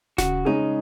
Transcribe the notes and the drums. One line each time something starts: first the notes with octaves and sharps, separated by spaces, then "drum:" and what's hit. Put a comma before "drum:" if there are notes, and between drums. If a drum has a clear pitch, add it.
C#3 F#4, drum: snare D#1
G#3 C#4 D#4 G#4